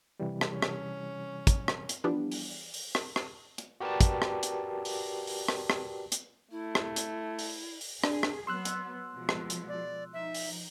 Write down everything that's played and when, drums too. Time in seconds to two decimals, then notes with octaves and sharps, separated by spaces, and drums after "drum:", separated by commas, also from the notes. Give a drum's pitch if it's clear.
0.20 C3 E3 G3
0.41 drum: rim click
0.53 C#4
0.62 drum: rim click
1.47 drum: kick, hi-hat
1.68 drum: rim click
1.89 drum: hi-hat
2.04 E3 F3 G3 B3 D4
2.31 drum: open hi-hat
2.74 drum: open hi-hat
2.95 drum: rim click
3.16 drum: rim click
3.58 drum: hi-hat
3.80 F#4 G4 A#4 B4 D5 A5
4.01 drum: kick, hi-hat
4.22 drum: rim click
4.43 drum: hi-hat
4.85 drum: open hi-hat
5.27 drum: open hi-hat
5.48 drum: rim click
5.70 drum: rim click
6.12 drum: hi-hat
6.51 A3 E4
6.75 drum: rim click
6.96 drum: hi-hat
7.39 drum: open hi-hat
7.81 drum: open hi-hat
8.04 D4 G#4, drum: rim click
8.23 drum: rim click
8.47 F#3 B3 C6 E6 F#6
8.65 drum: hi-hat
9.15 B2 F3 G#3
9.29 drum: rim click
9.50 drum: hi-hat
9.68 D5
10.13 F3 D#4 E5
10.34 drum: open hi-hat